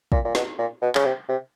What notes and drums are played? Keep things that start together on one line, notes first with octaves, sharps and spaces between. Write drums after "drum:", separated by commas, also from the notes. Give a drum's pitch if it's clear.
A#2, drum: kick
A#2
B2, drum: snare
A#2
B2
C#3, drum: clap
C3
C3